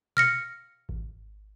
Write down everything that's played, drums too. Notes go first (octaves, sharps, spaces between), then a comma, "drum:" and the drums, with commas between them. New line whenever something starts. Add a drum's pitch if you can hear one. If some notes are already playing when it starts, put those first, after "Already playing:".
F6 A#6 C#7, drum: tom A#2
drum: kick G#1